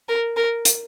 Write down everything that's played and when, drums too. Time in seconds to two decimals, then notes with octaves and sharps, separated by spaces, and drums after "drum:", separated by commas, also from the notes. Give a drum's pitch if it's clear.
0.09 A#4
0.37 A#4
0.65 drum: hi-hat